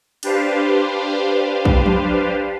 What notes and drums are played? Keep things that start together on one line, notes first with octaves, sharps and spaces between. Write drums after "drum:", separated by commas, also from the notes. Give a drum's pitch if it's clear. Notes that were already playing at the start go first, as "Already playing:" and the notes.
D4 G4 B4 C5 F5, drum: cymbal
drum: kick
drum: tom F3